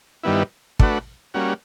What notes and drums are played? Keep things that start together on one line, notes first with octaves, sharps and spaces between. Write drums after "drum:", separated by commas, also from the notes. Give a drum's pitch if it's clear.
G2 D#3 G3 B3 E4
A3 D4 F#4 B4, drum: kick
G3 A#3 C#4 F#4